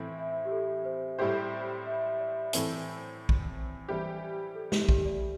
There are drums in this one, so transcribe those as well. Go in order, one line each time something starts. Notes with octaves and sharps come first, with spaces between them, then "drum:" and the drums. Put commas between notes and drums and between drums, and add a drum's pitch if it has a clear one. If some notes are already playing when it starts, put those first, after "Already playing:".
Already playing: A2 E3 C4 E4
E5
G4
A4
C5
A2 G3 E4 G4 C5
E5
D5
A2 E3 C4 A4, drum: hi-hat
drum: kick A#1
E3 G3 E4 G4 C5
A4
G4, drum: snare
G4, drum: kick A#1
D5